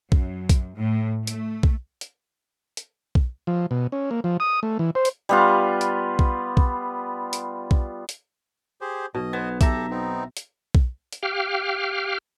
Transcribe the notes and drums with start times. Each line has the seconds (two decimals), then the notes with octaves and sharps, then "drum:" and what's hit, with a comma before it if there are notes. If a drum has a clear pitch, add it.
0.12 F#2, drum: kick B1
0.49 drum: kick B1, hi-hat
0.77 A2
1.27 A3, drum: hi-hat
1.63 drum: kick B1
2.01 drum: hi-hat
2.77 drum: hi-hat
3.15 drum: kick B1
3.47 F3
3.71 B2
3.92 C#4
4.11 A#3
4.24 F3
4.40 D#6
4.63 A3
4.79 E3
4.95 C5
5.05 drum: hi-hat
5.29 G3 B3 F4
5.81 drum: hi-hat
6.19 drum: kick B1
6.57 drum: kick B1
7.33 drum: hi-hat
7.71 drum: kick B1
8.09 drum: hi-hat
8.81 G4 G#4 C5
9.14 B1 B2 D#5
9.33 B3 C5 G#5
9.61 G4 A4 E5 A#5, drum: kick B1, hi-hat
9.90 B3 C4 D#4
10.37 drum: hi-hat
10.75 drum: kick B1
11.13 drum: hi-hat
11.23 G4 F5 G5 F6